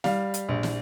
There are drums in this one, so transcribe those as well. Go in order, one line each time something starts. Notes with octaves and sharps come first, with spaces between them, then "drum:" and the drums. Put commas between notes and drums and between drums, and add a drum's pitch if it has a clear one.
G3 F5, drum: snare
drum: hi-hat
A#1
drum: snare